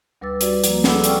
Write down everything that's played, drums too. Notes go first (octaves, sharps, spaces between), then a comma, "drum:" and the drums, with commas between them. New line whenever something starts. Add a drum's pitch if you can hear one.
D2 G3 B4 D6 E6 A6
F#4 G4 B4 D5, drum: hi-hat
F3 A#3, drum: hi-hat
G#4 A4 F#5 B5 D6 E6, drum: snare
D5 G5 C#6 E6 F6, drum: hi-hat